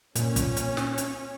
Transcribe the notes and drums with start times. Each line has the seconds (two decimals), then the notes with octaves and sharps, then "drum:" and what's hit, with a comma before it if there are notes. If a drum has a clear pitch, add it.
0.15 A#2 C#4, drum: hi-hat
0.36 drum: kick, hi-hat
0.56 drum: hi-hat
0.77 drum: snare
0.98 drum: hi-hat